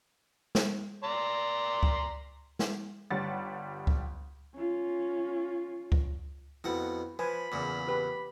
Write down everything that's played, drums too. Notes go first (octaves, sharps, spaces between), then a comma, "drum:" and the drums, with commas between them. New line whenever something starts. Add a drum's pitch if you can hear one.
drum: snare
D5 A#5 C6
drum: kick C#2
drum: snare
G1 G3 F#5 A6
drum: kick C#2
C#4 F4
drum: kick C#2
F2 B2 E4 F#4 F#5 B5
F3 B4 C5 G#5 B5
E2 A#2 C#3 D6 B6
G4 B4